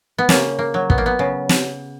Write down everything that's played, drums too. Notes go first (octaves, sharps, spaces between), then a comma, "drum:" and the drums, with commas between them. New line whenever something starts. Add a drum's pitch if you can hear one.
B3
C#3 A#3, drum: snare
A#3
F#3
B3, drum: kick
A#3
B3
C#3
drum: snare